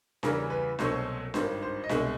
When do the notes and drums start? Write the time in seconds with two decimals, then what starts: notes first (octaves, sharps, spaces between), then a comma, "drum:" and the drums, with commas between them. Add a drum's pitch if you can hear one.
0.23 E2 C#3 E3 G3 A#4, drum: snare D4
0.50 B4
0.79 C2 B2 F#3 A3 C#4 C5, drum: snare D4
1.34 G#1 G2 D#3 C5, drum: snare D4
1.62 C5
1.84 D#5
1.89 C2 B2 G#3 E5, drum: snare D4